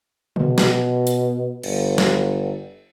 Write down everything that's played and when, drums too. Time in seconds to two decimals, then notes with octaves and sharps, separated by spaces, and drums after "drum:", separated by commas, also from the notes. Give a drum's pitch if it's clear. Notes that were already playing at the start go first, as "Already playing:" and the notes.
0.36 B2, drum: tom C3
0.58 drum: snare
1.07 drum: hi-hat
1.63 G1, drum: cymbal
1.98 drum: snare